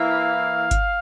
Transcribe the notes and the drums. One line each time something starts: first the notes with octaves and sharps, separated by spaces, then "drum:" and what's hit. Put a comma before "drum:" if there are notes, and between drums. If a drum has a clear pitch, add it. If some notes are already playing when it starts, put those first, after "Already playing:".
Already playing: E3 A#3 E4 F5
drum: kick G1, hi-hat